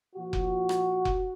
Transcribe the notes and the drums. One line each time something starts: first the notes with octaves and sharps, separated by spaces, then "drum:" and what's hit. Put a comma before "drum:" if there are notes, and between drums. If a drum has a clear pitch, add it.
A#2 F3 F#4
drum: kick F1
drum: rim click
drum: kick F1